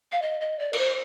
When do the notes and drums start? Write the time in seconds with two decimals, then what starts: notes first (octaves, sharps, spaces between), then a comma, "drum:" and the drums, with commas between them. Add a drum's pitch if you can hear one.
0.12 F5
0.22 D#5
0.41 D#5
0.59 D5
0.73 A#4, drum: cymbal
0.78 C5